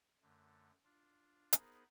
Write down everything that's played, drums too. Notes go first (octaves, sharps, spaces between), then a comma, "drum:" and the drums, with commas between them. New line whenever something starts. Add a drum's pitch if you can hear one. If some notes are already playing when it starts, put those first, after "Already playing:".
F#2 D3 A3
D4 F4
B3 D#4 G#4 A#4 C5 B5, drum: hi-hat